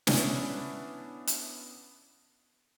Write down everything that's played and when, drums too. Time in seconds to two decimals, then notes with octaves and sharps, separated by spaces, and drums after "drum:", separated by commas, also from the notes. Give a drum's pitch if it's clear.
0.07 B3 C#4 D4 E4, drum: snare
1.27 drum: hi-hat